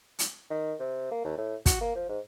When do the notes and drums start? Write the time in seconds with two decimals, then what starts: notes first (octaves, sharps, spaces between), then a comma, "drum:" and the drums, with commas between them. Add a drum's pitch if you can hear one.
0.19 drum: hi-hat
0.50 D#3
0.79 C3
1.11 A#3
1.24 D#2
1.37 A2
1.66 F#4, drum: kick, hi-hat
1.81 A#3
1.95 F3
2.09 G#2